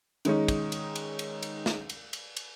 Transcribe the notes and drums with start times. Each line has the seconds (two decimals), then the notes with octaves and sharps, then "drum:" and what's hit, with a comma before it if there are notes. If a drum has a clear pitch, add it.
0.25 D#3 G#3 C#4 D#4, drum: cymbal
0.48 drum: kick, cymbal
0.72 drum: cymbal
0.95 drum: cymbal
1.19 drum: cymbal
1.42 drum: cymbal
1.66 drum: snare
1.89 drum: cymbal
2.13 drum: cymbal
2.36 drum: cymbal